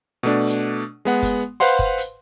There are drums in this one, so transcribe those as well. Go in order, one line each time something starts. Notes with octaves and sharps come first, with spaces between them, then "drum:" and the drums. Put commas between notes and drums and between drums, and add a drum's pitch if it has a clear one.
B2 A3 D4
drum: hi-hat
G#3 B3 F#5
drum: kick, hi-hat
B4 C5 F5 F#5 C6, drum: open hi-hat
drum: kick
drum: hi-hat